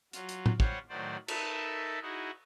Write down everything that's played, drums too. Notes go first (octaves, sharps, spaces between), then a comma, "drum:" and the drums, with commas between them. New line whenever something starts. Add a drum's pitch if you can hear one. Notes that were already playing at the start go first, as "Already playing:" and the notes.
F#3 F4, drum: hi-hat
drum: hi-hat
drum: tom
G3 F4 C5 C#5 F#5, drum: kick
A2 D#3 F#3 C5 D5
D#4 A4 A#4 E5 A5 B5, drum: cymbal
D#4 E4 F#4 G#4